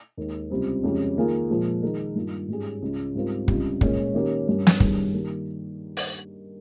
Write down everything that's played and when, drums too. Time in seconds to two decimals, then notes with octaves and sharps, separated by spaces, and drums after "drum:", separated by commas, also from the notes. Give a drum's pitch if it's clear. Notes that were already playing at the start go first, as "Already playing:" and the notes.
0.17 D#2 D#3 G#3
0.50 C#2 C3 G3 C4
0.83 F2 C#3 G#3 C#4 G4
1.16 D#3 A#3 F4 G#4
1.50 A#2 F3 G#3
1.82 D#3 G#3 D#4 A#4
2.16 G2 D#3 A#3 F4
2.48 G#2 G3 C#4 G#4
2.82 C#2 C#3 G#3
3.15 G#2 G3 C4 F4 A#4
3.48 C#2 C3 G3, drum: kick
3.81 A#2 G#3 C#4, drum: kick
4.14 D#3 A#3 C#4 G4
4.47 G2 G3 C#4 G4 A#4
4.67 drum: snare
4.80 G2 D#3 G3 C#4 G#4, drum: kick
5.13 D#3 A#3 D#4 G4
5.97 drum: open hi-hat